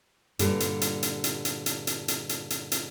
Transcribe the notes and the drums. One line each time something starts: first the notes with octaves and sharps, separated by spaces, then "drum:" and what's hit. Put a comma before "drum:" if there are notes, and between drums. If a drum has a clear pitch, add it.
G2 A#2 D3 G3, drum: hi-hat
drum: hi-hat
drum: hi-hat
drum: hi-hat
drum: hi-hat
drum: hi-hat
drum: hi-hat
drum: hi-hat
drum: hi-hat
drum: hi-hat
drum: hi-hat
drum: hi-hat